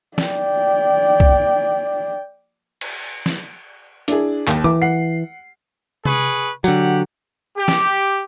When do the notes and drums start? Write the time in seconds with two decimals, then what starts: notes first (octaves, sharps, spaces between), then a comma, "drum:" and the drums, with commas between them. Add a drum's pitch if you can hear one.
0.18 D5 G5, drum: snare
1.20 drum: kick
2.81 drum: cymbal
3.26 drum: snare
4.08 D4 E4 G#4, drum: hi-hat
4.47 D#2, drum: clap
4.64 E3 D6
4.82 F#5 C7
6.05 G#4 B4 C#6, drum: tom C3
6.64 D3 F#3 G4 F#5, drum: tambourine
7.57 G4
7.68 drum: snare